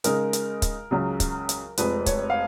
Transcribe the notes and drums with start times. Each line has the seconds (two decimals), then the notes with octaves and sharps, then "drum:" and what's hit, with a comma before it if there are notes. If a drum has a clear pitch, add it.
0.04 C#3 G#3 D#4 G#4 A#4, drum: hi-hat
0.33 drum: hi-hat
0.62 drum: kick, hi-hat
0.91 C#2 C#3 F#3
1.20 drum: kick, hi-hat
1.49 drum: hi-hat
1.77 F1 F2 F3 G#3 B4, drum: hi-hat
2.06 C#5, drum: kick, hi-hat
2.30 F5